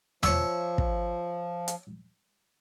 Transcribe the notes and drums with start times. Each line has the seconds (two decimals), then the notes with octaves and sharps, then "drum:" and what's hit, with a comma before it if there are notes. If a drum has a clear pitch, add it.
0.23 F3 C#5 E5, drum: tom E2
0.78 drum: kick
1.68 drum: hi-hat